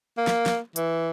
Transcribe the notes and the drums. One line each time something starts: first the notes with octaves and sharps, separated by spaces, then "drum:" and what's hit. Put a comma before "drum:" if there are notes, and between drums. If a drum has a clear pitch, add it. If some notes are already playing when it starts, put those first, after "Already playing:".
A#3
drum: snare
drum: snare
E3, drum: hi-hat